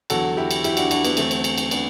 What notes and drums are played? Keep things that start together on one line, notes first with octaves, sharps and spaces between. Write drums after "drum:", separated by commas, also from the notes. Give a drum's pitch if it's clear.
E2 D3 F#3 F#4 A4, drum: cymbal
E4 G4
drum: cymbal
E4 G4, drum: cymbal
D4 F#4, drum: cymbal
D4 F#4, drum: cymbal
B3, drum: cymbal
E2 D3 F#3 A3 C4, drum: cymbal
drum: cymbal
drum: cymbal
drum: cymbal
B3 D4, drum: cymbal